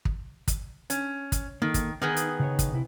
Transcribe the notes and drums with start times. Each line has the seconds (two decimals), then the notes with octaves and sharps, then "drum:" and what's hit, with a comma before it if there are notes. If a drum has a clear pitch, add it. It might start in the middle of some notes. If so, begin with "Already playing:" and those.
0.05 drum: kick
0.48 drum: kick, hi-hat
0.90 C#4, drum: hi-hat
1.32 drum: kick, hi-hat
1.62 D#3 A#3 A4
1.74 drum: kick, hi-hat
2.02 D#3 B3 D#4 G#4
2.16 drum: hi-hat
2.40 C#3 D#4 C#5
2.59 drum: kick, hi-hat
2.72 C3 E4